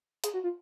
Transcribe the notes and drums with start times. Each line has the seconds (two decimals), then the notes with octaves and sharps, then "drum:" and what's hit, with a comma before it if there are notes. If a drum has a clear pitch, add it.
0.24 G#4, drum: hi-hat
0.34 F#4
0.44 F4